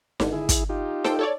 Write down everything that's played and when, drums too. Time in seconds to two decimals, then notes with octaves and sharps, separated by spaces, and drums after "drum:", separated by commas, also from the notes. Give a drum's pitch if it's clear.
0.20 G#1 D3, drum: snare D#4
0.32 E4 G#4
0.49 drum: kick, hi-hat
0.69 D#4 F4 G4
1.04 A4 C5 G5, drum: snare D#4
1.19 A4 C#5 D5